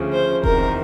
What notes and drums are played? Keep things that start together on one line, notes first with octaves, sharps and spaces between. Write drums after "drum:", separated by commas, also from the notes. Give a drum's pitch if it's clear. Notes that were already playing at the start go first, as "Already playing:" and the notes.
Already playing: D2 C#3 F3
C5
E2 C3 D#3 A#4, drum: kick E1